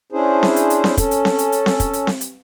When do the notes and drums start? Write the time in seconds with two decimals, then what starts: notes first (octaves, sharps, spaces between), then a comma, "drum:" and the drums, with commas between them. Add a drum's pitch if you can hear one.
0.12 C#4 D4 E4 G#4 C5
0.43 drum: snare C4
0.56 drum: hi-hat
0.70 drum: hi-hat
0.84 drum: snare C4
0.97 C#4 A4, drum: kick, hi-hat
1.11 drum: hi-hat
1.25 drum: snare C4
1.39 drum: hi-hat
1.52 drum: hi-hat
1.66 drum: snare C4
1.80 drum: kick, hi-hat
1.93 drum: hi-hat
2.07 drum: snare C4
2.21 drum: hi-hat